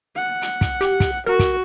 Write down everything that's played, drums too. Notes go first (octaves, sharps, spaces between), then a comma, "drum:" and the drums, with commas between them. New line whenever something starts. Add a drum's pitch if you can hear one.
F#5
drum: hi-hat
drum: kick, hi-hat
G4, drum: hi-hat
drum: kick, hi-hat
F#4 A#4
drum: kick, hi-hat